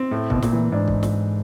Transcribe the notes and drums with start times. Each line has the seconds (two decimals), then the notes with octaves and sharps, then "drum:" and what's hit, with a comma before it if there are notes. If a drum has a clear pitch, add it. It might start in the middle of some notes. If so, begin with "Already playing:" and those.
Already playing: C4
0.11 A2 A3
0.30 B2 A3, drum: kick
0.42 A#2, drum: snare
0.52 E3
0.72 G#2 D4
0.88 drum: kick
1.03 drum: snare